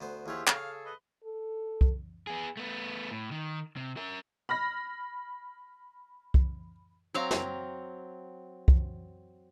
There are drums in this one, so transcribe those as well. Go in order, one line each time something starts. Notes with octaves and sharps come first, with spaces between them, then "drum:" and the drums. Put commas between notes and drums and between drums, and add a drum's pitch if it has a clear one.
D2 B3 C5
D#2 F3 E4 F4 G4 G#4 C#5 F#5
C#3 G#4 A4 C#5 F5, drum: clap
B4 D#5
A4
drum: kick
B3 G#4
A3 B3
A2
D#3
C3
A#4 E5
B5 F6 A#6
drum: kick
F#3 C4 F5 A#5
drum: snare
drum: kick